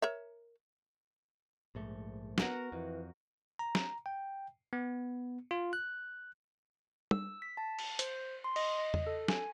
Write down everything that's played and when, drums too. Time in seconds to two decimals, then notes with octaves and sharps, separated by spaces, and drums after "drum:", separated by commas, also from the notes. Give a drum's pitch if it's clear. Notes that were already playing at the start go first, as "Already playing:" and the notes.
0.02 A#4 C#5 E5
1.75 A#1 G#2 A3
2.38 B3 F#4 A#4 F#5, drum: snare
2.72 F2 E3
3.59 A#5
3.75 drum: snare
4.06 G5
4.73 B3
5.51 F4
5.73 F#6
7.11 E6, drum: tom
7.42 B6
7.57 A5
7.79 drum: cymbal
7.99 C5, drum: hi-hat
8.44 C6
8.56 D#5, drum: cymbal
8.79 D#5
8.94 drum: tom E2
9.07 A4
9.28 G#5, drum: snare